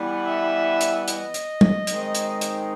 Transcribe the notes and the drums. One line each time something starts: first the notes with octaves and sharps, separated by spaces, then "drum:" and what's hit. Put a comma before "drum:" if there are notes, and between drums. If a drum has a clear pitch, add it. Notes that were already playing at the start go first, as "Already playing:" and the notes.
Already playing: E3 G3 B3
E5
drum: hi-hat
D#5, drum: hi-hat
drum: hi-hat
drum: tom
D#3 G#3 C4 D#4, drum: hi-hat
drum: hi-hat
drum: hi-hat